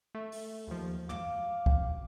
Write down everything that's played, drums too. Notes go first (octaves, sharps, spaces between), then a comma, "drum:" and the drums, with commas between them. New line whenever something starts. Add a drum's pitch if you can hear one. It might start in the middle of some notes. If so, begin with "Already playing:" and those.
A3
drum: open hi-hat
D#2 F3
F5 D6, drum: tom
drum: kick